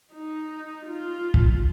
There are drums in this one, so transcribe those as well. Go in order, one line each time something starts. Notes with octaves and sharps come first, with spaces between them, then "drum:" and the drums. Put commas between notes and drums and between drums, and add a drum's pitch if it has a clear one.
D#4
F4
drum: kick